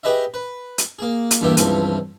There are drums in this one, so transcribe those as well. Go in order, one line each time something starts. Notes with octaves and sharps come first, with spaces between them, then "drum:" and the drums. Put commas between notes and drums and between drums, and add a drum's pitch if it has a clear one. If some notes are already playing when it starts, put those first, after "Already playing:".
G4 G#4 B4 D#5 E5
B4
drum: hi-hat
A#3 G#4
drum: hi-hat
E2 G2 A#2 B3 G4 E5
C#2 G2 C3 E3 F3 G#5, drum: hi-hat